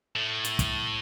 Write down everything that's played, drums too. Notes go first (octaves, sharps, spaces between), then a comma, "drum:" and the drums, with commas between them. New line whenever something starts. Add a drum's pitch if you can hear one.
A2
drum: hi-hat
drum: kick, hi-hat